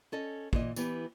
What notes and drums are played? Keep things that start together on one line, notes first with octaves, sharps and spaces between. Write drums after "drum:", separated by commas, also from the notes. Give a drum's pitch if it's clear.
C#4 A4 D#5
A#2 E3 D#5, drum: kick
E3 B3 G4, drum: tambourine